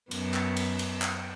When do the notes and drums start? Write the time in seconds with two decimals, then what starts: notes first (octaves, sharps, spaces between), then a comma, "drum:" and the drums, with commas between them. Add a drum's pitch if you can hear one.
0.11 F#2 B3, drum: cymbal
0.34 drum: clap
0.57 drum: cymbal
0.79 drum: cymbal
1.02 drum: clap